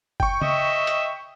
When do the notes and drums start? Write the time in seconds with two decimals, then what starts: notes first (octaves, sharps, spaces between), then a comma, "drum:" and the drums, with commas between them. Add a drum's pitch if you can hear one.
0.20 G5 C#6, drum: kick F#1
0.42 D#5 E5, drum: tom C#3
0.87 drum: hi-hat